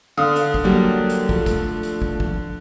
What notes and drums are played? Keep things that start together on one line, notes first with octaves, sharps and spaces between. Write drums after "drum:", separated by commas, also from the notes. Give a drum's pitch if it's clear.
D3 F5 D#6
drum: hi-hat
drum: kick
F#3 G3 A#3
drum: hi-hat
F3 A3, drum: kick
drum: kick, hi-hat
drum: hi-hat
drum: kick
drum: kick